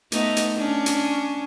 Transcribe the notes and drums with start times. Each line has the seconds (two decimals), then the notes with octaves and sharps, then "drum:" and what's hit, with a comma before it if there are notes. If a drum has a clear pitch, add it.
0.12 A3 B3 D#4, drum: hi-hat
0.37 drum: hi-hat
0.56 C#4 D4
0.86 drum: hi-hat